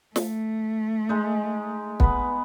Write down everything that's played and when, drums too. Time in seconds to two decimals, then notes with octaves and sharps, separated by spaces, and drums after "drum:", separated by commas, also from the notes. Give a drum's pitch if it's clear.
0.16 A3, drum: snare
1.09 G#3 D#4
2.00 B3 B4, drum: kick